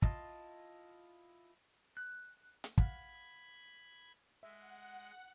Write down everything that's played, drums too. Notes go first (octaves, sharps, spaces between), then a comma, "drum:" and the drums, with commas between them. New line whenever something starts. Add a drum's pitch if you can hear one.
E4 F4 D#5 A5 C6, drum: kick
F#6
drum: hi-hat
F5 F#5 B5 G#6, drum: kick
G#3 E5 F#5